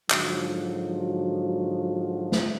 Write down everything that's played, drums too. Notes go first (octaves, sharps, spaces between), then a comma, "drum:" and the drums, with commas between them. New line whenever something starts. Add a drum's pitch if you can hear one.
G#2 D3 F3 F#3 F#4, drum: clap
drum: snare